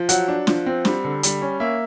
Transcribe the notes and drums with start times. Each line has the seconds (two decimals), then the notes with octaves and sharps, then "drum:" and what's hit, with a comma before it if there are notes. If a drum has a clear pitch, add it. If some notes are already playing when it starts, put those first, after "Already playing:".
Already playing: F3
0.09 F#3 F#5, drum: hi-hat
0.28 D4
0.47 F3, drum: snare
0.66 C4
0.85 G3, drum: snare
1.04 D3
1.23 G3, drum: hi-hat
1.41 C#4
1.60 A#3 E5